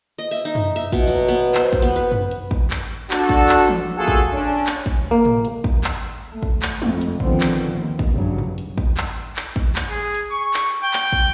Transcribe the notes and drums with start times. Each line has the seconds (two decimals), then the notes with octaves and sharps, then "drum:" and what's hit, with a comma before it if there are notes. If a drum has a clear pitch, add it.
0.18 D#5
0.31 E5
0.45 D#4
0.55 drum: tom F#2
0.76 E5, drum: hi-hat
0.92 B2, drum: kick
1.07 F#3
1.28 B3
1.54 C5, drum: clap
1.73 drum: kick
1.82 B3
1.96 B4
2.12 drum: tom F#2
2.31 drum: hi-hat
2.51 drum: kick
2.71 drum: clap
3.11 D4 F#4 A4, drum: clap
3.29 drum: kick
3.49 drum: clap
3.68 drum: tom E3
3.97 A3 A#3 F4 F#4 G#4 A4
4.08 drum: kick
4.33 C#4 D4
4.66 drum: clap
4.86 drum: kick
5.11 A#3
5.25 drum: tom A2
5.45 drum: hi-hat
5.64 drum: kick
5.84 drum: clap
6.31 A3
6.43 drum: kick
6.62 drum: clap
6.82 F2, drum: tom G#3
7.01 drum: hi-hat
7.20 D3 D#3 F3 B3 C4, drum: kick
7.41 drum: clap
7.73 D#2
7.99 drum: kick
8.13 G2 C#3 F#3
8.38 drum: tom F#2
8.58 drum: hi-hat
8.78 drum: kick
8.97 drum: clap
9.36 drum: clap
9.56 drum: kick
9.75 drum: clap
9.89 G#4
10.15 drum: hi-hat
10.31 C#6
10.54 drum: clap
10.83 G5
10.93 drum: clap
11.13 drum: kick